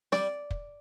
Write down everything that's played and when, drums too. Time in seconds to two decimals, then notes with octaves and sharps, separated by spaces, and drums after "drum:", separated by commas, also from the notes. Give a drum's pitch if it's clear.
0.12 G3 D5, drum: snare
0.51 drum: kick